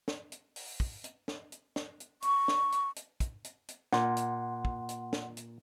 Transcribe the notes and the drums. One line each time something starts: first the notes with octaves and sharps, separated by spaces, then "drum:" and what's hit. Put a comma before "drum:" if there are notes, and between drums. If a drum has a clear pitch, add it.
drum: snare
drum: hi-hat
drum: open hi-hat
drum: kick
drum: hi-hat
drum: snare
drum: hi-hat
drum: snare
drum: hi-hat
C#6, drum: hi-hat
drum: snare
drum: hi-hat
drum: hi-hat
drum: kick, hi-hat
drum: hi-hat
drum: hi-hat
A#2 F#5 C6, drum: snare
drum: hi-hat
drum: kick
drum: hi-hat
drum: snare
drum: hi-hat